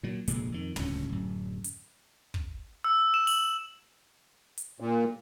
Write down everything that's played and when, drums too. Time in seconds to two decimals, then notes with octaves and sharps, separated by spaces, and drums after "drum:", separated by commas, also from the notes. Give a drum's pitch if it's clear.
0.03 A#2 F#3
0.28 F1 D2 A#2 G#3, drum: hi-hat
0.52 F2 D#3
0.76 D1 C#2 G2 C#4, drum: tom
1.09 D1 F#2
1.64 drum: hi-hat
2.34 drum: kick
2.84 E6
3.14 E7
3.27 F#7, drum: open hi-hat
4.57 drum: hi-hat
4.80 A#2